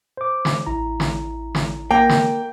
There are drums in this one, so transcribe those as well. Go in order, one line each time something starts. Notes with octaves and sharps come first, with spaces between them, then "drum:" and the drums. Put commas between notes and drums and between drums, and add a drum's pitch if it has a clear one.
C5 D6
drum: snare
A1 E4 A#5
drum: snare
drum: snare
A#3 G5
drum: snare